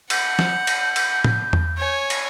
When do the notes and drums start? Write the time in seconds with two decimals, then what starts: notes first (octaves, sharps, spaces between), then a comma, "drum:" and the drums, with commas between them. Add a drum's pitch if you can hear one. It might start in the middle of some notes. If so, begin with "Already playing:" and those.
0.10 F#5 G6, drum: cymbal
0.39 drum: snare
0.67 drum: cymbal
0.96 drum: cymbal
1.24 drum: tom A2
1.53 drum: tom E2
1.77 C#5 G#5
2.10 drum: cymbal